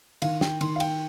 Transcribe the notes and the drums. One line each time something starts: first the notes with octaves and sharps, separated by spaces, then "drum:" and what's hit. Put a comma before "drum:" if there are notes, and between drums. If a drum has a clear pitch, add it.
D#3 F5, drum: cymbal
G5, drum: snare
D#3 C6, drum: cymbal
F5
G5, drum: cymbal